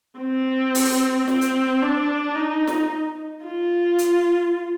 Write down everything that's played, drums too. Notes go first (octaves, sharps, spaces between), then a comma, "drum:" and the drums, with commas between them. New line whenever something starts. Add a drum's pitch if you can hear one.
C4
drum: open hi-hat
C4, drum: snare
drum: hi-hat
D4
D#4
drum: snare
F4
drum: hi-hat